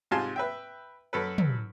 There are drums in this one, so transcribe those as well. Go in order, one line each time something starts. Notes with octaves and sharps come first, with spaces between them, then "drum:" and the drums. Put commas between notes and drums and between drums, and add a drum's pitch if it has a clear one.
G#2 C3 F4 G#5 A5 C6
B4 E5 G5
F#2 A4 B4
drum: tom